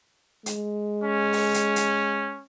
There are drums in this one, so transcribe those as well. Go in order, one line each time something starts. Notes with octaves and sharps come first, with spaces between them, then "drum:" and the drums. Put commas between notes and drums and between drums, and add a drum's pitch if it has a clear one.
G#3, drum: hi-hat
C#4
drum: open hi-hat
drum: hi-hat
drum: hi-hat